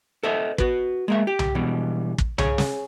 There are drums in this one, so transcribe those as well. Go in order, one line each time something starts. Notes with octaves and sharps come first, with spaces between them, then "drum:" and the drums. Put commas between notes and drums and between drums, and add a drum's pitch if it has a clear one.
A4 C5 D#5 E5
F#4 B4, drum: kick
G#3 A#3 E5
G4
drum: tom C2
B2 E3 G3
drum: kick
G#4 C#5, drum: tom C2
drum: snare